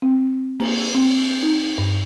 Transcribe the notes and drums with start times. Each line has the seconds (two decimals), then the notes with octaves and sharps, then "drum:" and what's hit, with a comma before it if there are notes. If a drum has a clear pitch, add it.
0.02 C4
0.60 A#3, drum: cymbal
0.95 C4
1.43 D#4
1.78 G2